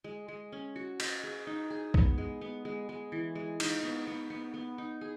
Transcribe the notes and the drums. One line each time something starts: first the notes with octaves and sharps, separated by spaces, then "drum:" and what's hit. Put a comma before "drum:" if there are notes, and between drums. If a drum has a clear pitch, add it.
G#3
G#3
C#4
F#4
D#5, drum: cymbal
G#4
D#4
G#4
B3, drum: kick B1
G#3
B3
G#3
G#3
E3
G#3
D#4, drum: cymbal
B3
B3
B3
B3
D#4
G#4